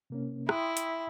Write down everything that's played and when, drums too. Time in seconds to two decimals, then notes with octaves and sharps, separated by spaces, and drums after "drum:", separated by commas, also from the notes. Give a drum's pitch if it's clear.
0.10 C3 A#3 C#4
0.49 E4 G5 C6 D#6, drum: rim click
0.77 drum: hi-hat